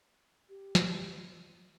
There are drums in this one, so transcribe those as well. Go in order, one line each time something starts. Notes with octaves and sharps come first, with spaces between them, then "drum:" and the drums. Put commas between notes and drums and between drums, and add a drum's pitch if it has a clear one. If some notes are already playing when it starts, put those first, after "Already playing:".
G4
drum: snare